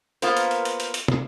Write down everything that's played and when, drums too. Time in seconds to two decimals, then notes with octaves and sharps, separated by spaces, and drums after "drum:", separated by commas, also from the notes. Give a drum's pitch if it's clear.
0.22 A#3 B3 F4 A#4 C5, drum: hi-hat
0.37 drum: hi-hat
0.51 drum: hi-hat
0.65 drum: hi-hat
0.80 drum: hi-hat
0.94 drum: hi-hat
1.08 drum: tom